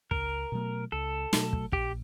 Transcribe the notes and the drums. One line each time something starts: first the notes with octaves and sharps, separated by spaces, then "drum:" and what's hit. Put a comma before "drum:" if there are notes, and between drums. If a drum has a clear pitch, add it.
C#2 A#4, drum: kick
B2 F#3 A3
C#2 A4
B2 F#3 A3, drum: snare
drum: kick
A#1 G4, drum: kick